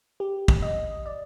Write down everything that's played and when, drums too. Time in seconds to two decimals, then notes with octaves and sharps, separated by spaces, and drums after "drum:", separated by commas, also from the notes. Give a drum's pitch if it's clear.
0.20 G4
0.48 drum: kick
0.62 D#5
1.06 D5